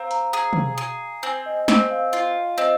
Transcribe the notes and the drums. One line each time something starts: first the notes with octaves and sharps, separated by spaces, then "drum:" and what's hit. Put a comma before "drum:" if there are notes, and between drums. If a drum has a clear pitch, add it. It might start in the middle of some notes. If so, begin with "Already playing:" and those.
Already playing: C4 F5 A#5
A#5, drum: hi-hat
G#4 A#5
drum: tom
G#4
C4 G#5
D#5
C4, drum: snare
F5
F4 F5
C4 D#5